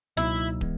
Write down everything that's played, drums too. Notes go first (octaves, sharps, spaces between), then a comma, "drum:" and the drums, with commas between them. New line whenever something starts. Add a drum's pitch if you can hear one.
C#2 B2 F#3 A#3 D#4 E4
E3 G#3 B3, drum: kick